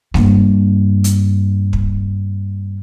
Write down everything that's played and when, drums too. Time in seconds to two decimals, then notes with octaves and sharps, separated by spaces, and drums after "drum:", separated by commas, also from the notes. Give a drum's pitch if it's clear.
0.14 G2 A#3, drum: snare G#3
1.04 drum: hi-hat
1.73 drum: kick